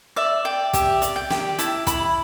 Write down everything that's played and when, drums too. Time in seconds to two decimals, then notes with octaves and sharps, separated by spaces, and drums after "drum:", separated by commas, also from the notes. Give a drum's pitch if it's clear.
0.16 D5 E5
0.45 D5 G5
0.73 G4 E5, drum: kick, hi-hat
1.02 D5, drum: hi-hat
1.16 G5
1.30 G4, drum: snare
1.58 E4 A5, drum: hi-hat
1.87 E4 B5, drum: kick, hi-hat